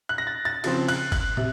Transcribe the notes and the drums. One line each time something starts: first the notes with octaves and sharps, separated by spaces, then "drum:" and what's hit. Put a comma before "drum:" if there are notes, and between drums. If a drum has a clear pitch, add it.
F#6
A#6
A6
A6
C#3 F3 C4 A6, drum: cymbal
F#6, drum: cymbal
F#6, drum: kick, cymbal
C3, drum: tom